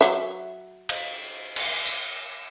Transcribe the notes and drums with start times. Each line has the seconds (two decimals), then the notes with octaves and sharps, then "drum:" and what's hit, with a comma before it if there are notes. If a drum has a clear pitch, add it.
0.01 F#3 E5
0.89 drum: cymbal
1.56 drum: cymbal
1.86 drum: tambourine